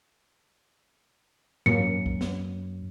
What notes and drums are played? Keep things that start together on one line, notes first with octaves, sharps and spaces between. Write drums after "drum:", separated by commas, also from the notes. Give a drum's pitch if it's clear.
F#2 F#3 A#3 C#4 C#7, drum: tom G#2
drum: kick
drum: snare